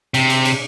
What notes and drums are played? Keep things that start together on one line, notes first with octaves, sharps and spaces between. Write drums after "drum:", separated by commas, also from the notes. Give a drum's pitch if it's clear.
C3, drum: cymbal
drum: cymbal
drum: cymbal